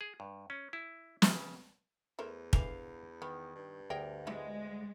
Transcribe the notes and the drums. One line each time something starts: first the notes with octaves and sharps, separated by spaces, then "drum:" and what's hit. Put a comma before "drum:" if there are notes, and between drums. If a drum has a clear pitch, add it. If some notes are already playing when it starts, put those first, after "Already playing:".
G#4
G2
C#4
E4
C#3, drum: snare
E2 A3 A#4 C5
D3 E3 C5 F5, drum: kick
D#3 B3
G2
D2 G4 G#4 A#4 G5
E3 F#3 G#3 B3